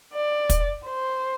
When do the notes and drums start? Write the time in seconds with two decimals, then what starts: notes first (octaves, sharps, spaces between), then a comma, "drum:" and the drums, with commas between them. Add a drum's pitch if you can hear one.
0.14 D5
0.49 drum: kick, hi-hat
0.85 C5